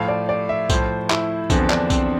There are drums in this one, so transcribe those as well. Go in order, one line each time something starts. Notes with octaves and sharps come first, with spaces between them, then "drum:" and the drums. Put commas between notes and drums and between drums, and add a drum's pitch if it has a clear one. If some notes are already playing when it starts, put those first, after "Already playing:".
Already playing: A2 F3 F5
D5
D5
E5
A2 F3 C5, drum: kick B1, tambourine
E4, drum: clap
E2 D3 F3 C4, drum: kick B1, tambourine
D4, drum: clap
C4, drum: kick B1, tambourine